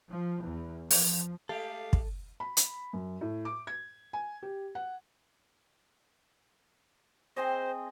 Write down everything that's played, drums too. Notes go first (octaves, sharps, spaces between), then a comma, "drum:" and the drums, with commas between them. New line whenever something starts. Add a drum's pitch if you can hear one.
F3
E2
F3, drum: open hi-hat
G#3 A3 G4 A4 F5
drum: kick
B5
drum: hi-hat
F#2
A2
D6
G#6
G#5
G4
F#5
C4 G#4 C5 D#5